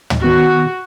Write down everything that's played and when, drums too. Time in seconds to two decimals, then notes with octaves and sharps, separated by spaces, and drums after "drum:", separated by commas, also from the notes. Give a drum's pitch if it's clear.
0.10 drum: tom
0.24 D#3 B3 F#4